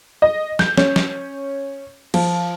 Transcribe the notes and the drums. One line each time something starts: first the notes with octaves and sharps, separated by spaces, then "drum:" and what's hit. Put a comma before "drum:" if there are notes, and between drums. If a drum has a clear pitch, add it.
D#5
G6, drum: snare
C#4, drum: snare
drum: snare
F3, drum: cymbal